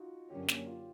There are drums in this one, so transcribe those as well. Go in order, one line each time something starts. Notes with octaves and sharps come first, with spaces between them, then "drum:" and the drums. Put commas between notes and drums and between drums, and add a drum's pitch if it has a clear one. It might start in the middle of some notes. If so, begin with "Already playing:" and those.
Already playing: D#4 F4 F#4
F#2 D3 F#3 A#3 C#4 G4
drum: snare
F4